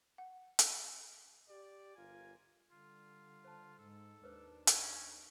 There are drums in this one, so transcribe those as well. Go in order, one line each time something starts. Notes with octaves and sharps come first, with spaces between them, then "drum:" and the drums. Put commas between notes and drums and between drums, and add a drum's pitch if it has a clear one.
F#5
drum: hi-hat
G4 D5
G1 F4 A#4 F5 G#5
D3 G3 F4
C5 A5
G#2 G#3 A4
D#2 D4 B4 C5
C#4 C5 D5 G#5, drum: hi-hat